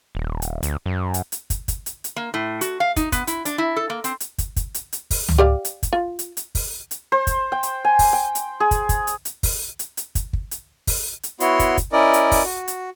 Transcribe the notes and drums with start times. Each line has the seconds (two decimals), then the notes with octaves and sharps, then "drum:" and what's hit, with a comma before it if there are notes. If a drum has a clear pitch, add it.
0.15 D#1
0.42 drum: hi-hat
0.63 D2, drum: hi-hat
0.86 F#2
1.14 drum: hi-hat
1.32 drum: hi-hat
1.50 drum: kick, hi-hat
1.68 drum: kick, hi-hat
1.86 drum: hi-hat
2.04 drum: hi-hat
2.16 A#3
2.34 A2
2.61 F#4, drum: hi-hat
2.80 F5
2.96 D#4, drum: kick, hi-hat
3.12 B3, drum: kick, hi-hat
3.27 E4, drum: hi-hat
3.45 D4, drum: hi-hat
3.58 E4
3.76 A4
3.90 A#3
4.04 C4, drum: hi-hat
4.20 drum: hi-hat
4.38 drum: kick, hi-hat
4.56 drum: kick, hi-hat
4.74 drum: hi-hat
4.93 drum: hi-hat
5.11 drum: kick, open hi-hat
5.29 drum: tom C#2
5.38 G4 D5 F5
5.65 drum: hi-hat
5.83 drum: kick, hi-hat
5.93 F4
6.19 drum: hi-hat
6.37 drum: hi-hat
6.55 drum: kick, open hi-hat
6.91 drum: hi-hat
7.12 C5
7.27 drum: kick, hi-hat
7.52 G5
7.63 drum: hi-hat
7.85 G#5
7.99 drum: kick, open hi-hat
8.13 G5
8.35 drum: hi-hat
8.60 G#4
8.71 drum: kick, hi-hat
8.89 drum: kick, hi-hat
9.07 drum: hi-hat
9.25 drum: hi-hat
9.43 drum: kick, open hi-hat
9.79 drum: hi-hat
9.97 drum: hi-hat
10.15 drum: kick, hi-hat
10.33 drum: kick
10.51 drum: hi-hat
10.87 drum: kick, open hi-hat
11.23 drum: hi-hat
11.40 B3 E4 F#4 C#5 C6, drum: hi-hat
11.59 drum: kick, hi-hat
11.77 drum: kick, hi-hat
11.92 C#4 E4 A#4 D5 D#5
12.14 drum: hi-hat
12.32 drum: kick, open hi-hat
12.44 F#4
12.68 drum: hi-hat